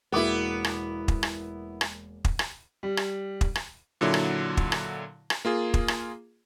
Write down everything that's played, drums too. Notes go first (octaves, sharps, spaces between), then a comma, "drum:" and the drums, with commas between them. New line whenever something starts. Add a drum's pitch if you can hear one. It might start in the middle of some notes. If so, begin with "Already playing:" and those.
E1 A#3 B3 E4 D6
drum: rim click
drum: kick
drum: rim click
drum: rim click
drum: kick
drum: rim click
G3
drum: rim click
drum: kick
drum: rim click
A#2 D3 F#3 E4
drum: rim click
drum: kick
drum: rim click
drum: rim click
A#3 F4 G#4
drum: kick
drum: rim click